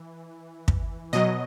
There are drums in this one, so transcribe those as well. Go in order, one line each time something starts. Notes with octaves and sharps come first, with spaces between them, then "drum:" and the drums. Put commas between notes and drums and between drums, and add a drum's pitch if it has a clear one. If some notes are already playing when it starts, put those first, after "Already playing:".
Already playing: E3
drum: kick
B2 F#3 D#5